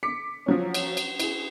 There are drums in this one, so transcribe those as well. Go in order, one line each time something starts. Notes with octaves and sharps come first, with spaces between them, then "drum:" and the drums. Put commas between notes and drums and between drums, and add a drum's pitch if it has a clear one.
D6 B6 C#7
F3 F#3 C#4
drum: cymbal
drum: cymbal
E4 G#4, drum: cymbal